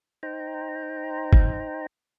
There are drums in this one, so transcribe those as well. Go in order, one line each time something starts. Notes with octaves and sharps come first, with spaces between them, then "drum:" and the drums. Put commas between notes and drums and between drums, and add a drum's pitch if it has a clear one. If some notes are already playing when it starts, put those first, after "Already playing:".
D#4 C5 G5 A#5
drum: kick